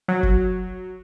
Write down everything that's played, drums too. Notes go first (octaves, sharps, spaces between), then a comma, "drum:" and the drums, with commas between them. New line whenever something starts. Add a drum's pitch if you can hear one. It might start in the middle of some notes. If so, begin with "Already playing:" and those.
F#3
drum: kick F#1